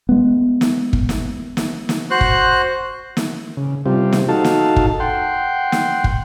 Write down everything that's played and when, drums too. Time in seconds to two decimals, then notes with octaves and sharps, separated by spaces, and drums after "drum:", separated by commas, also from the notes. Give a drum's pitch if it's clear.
0.09 G#3 B3
0.61 drum: snare
0.93 drum: kick
1.09 drum: snare
1.57 drum: snare
1.89 drum: snare
2.11 F#4 C5 F#6
2.21 drum: kick
3.17 drum: snare
3.57 C#3
3.86 C3 G3 C4 F4 G4
4.13 drum: snare
4.29 D#4 F#4 A4 F5 A5
4.44 drum: snare
4.76 drum: kick
5.00 F#5 G5 C6
5.72 drum: snare
6.04 drum: kick